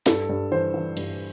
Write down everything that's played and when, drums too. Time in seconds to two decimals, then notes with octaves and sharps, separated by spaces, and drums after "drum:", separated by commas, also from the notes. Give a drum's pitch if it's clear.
0.06 G2 A4, drum: snare
0.29 G2
0.52 E3 C5
0.74 E3
0.97 G2, drum: cymbal